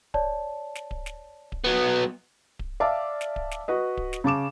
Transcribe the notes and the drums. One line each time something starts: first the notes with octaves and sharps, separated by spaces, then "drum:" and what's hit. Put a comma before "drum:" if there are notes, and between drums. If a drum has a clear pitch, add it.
C#5 D5 A5, drum: kick D1
drum: snare
drum: kick D1
drum: snare
drum: kick D1
F#3 B3
drum: kick D1
D5 E5 F5 A5 D6
drum: snare
drum: kick D1
drum: snare
F#4 B4 D#5
drum: kick D1
drum: snare
C#3 A5 D6 E7